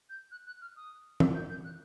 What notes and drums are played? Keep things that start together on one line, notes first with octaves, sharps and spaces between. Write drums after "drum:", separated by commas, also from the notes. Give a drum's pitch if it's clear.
G6
F#6
F#6
F6
D#6
E6, drum: tom
G6
G6
F#6